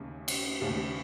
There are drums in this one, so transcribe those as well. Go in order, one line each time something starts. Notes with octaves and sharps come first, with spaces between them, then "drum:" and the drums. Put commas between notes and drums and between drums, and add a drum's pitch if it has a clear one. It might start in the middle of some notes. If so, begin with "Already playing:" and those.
Already playing: D#2 C#3 A3
drum: cymbal
D#2 C#3 A3